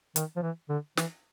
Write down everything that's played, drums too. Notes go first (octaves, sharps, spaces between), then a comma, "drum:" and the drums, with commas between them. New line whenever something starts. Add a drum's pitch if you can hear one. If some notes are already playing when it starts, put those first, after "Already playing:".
D#3, drum: hi-hat
F3
E3
D3
E3, drum: snare